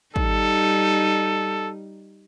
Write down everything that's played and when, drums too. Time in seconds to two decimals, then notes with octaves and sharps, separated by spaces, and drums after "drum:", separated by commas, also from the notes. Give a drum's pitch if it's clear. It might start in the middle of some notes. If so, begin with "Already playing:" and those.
0.16 G3 D#4 A4, drum: kick